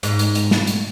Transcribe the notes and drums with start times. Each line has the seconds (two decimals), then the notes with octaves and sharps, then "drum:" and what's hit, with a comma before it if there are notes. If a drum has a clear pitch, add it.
0.03 G#2, drum: hi-hat
0.19 drum: hi-hat
0.35 drum: hi-hat
0.51 drum: snare
0.67 drum: hi-hat